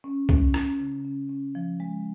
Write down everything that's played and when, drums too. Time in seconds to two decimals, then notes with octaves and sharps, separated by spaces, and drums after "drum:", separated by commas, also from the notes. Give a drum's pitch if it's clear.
0.04 C#4
0.29 C#4, drum: kick
0.54 C#4, drum: rim click
0.80 C#3
1.05 C#4
1.29 C#4
1.55 F3
1.80 G#3